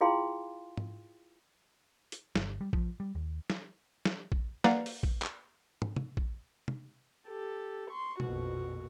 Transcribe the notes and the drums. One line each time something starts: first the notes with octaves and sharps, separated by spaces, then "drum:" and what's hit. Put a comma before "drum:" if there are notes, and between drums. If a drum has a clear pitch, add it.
E4 F4 G#4 F5 G5 C6
drum: tom G#2
drum: hi-hat
G1, drum: snare
G3
F3, drum: kick A#1
G3
D#2
drum: snare
drum: snare
drum: kick A#1
A#3 B4 D5 F5 F#5 A#5, drum: snare
drum: open hi-hat
drum: kick A#1
drum: clap
drum: tom
drum: tom
drum: kick A#1
drum: tom
G4 A4
C6 C#6
A#1 F2 B2 F#4, drum: tom